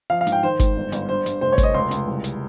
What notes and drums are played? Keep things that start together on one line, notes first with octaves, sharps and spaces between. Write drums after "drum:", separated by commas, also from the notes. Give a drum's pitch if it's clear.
F3 F5
F5
G#2, drum: hi-hat
G5
D#3 C5
G#2, drum: kick G1, hi-hat
G1
G1, drum: hi-hat
G2 C5
G2, drum: hi-hat
F1 C5
C#5
F1, drum: kick G1, hi-hat
D#5
C#2 C6
C#2, drum: hi-hat
C2
drum: hi-hat